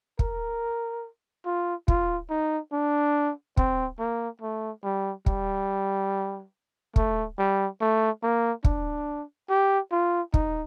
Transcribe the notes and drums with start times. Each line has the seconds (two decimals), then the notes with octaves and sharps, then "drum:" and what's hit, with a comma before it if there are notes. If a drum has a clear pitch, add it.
0.19 A#4, drum: kick
1.45 F4
1.88 F4, drum: kick
2.30 D#4
2.72 D4
3.57 C4, drum: kick
3.99 A#3
4.41 A3
4.84 G3
5.26 G3, drum: kick
6.96 A3, drum: kick
7.38 G3
7.81 A3
8.23 A#3
8.64 D4, drum: kick
9.50 G4
9.92 F4
10.34 D#4, drum: kick